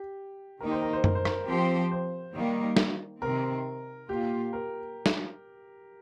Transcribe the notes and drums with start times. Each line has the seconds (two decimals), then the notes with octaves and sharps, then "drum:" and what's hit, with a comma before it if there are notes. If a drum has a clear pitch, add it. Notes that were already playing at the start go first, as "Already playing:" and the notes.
Already playing: G4
0.60 D#3 A#3 D#4 G4 A#4
0.71 C5
0.82 A#4
0.93 C5
1.04 A#4, drum: tom F#2
1.15 C5
1.25 A#4, drum: rim click
1.48 F3 C4 G4 C5
1.91 C5
2.35 D#3 G3 A#3
2.76 drum: snare
3.22 C3 D#3 C4 A#4
4.09 A#2 A#3 F4 G4
4.53 A#4
5.06 drum: snare